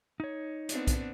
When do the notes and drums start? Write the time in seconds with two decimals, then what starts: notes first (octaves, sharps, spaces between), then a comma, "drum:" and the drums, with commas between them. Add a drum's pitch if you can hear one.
0.20 D#4 C#5
0.69 B3 C4 D4, drum: hi-hat
0.87 drum: kick, hi-hat